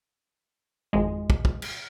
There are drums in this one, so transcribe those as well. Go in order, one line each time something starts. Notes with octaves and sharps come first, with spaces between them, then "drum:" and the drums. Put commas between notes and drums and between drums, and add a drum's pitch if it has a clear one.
G#1 F2 G#3
drum: kick
drum: kick
drum: cymbal